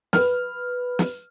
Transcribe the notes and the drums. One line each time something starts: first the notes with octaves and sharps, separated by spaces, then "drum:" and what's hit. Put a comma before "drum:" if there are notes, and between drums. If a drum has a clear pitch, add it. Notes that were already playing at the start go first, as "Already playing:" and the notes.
B4 F6, drum: snare
drum: snare